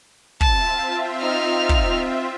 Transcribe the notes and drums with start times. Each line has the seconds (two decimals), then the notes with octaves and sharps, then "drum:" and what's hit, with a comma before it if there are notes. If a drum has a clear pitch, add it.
0.41 C4 F4 E5 A5, drum: kick
1.20 D#4 F6
1.69 drum: kick